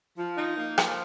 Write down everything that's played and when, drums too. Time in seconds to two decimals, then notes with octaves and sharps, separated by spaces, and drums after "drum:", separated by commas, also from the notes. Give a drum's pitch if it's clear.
0.17 F3 F4
0.38 D#4
0.58 A#3
0.78 F3, drum: rim click